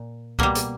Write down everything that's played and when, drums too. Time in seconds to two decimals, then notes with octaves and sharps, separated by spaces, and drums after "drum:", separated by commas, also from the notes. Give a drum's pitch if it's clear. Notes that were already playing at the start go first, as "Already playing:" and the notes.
Already playing: A#2
0.39 B2 G3 A#3, drum: kick C#2
0.55 drum: hi-hat